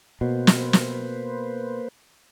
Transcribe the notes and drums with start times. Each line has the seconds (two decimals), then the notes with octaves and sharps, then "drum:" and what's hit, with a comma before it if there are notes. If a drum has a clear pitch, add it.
0.21 B2 A#3 B4 C5
0.47 drum: snare
0.73 drum: snare